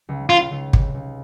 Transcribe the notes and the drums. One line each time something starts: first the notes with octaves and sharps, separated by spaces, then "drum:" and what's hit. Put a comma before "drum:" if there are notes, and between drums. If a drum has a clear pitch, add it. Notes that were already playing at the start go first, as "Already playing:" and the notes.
C#2
C#2 F4
C#2
C3, drum: kick
C#2